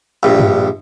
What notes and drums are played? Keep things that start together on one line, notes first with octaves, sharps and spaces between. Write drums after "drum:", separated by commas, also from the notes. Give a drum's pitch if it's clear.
A#1 G2
drum: tom G2